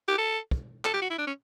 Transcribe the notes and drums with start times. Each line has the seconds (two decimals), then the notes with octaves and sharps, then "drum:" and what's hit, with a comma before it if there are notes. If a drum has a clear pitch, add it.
0.08 G4
0.18 A4
0.51 drum: kick
0.85 A4, drum: clap
0.93 G4
1.02 F#4
1.10 E4
1.18 D4
1.27 C#4